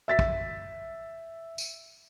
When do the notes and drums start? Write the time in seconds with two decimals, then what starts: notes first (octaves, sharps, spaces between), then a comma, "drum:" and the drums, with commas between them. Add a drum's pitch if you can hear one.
0.08 E5 A6 B6
0.19 drum: kick
1.58 drum: tambourine